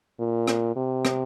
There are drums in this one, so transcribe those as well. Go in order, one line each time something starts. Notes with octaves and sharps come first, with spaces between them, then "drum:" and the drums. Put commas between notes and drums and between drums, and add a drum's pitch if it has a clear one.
A#2
drum: rim click
C3
drum: rim click